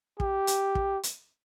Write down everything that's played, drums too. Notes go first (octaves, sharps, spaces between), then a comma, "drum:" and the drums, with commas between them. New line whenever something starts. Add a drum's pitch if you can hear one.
G4, drum: kick
drum: hi-hat
drum: kick
drum: hi-hat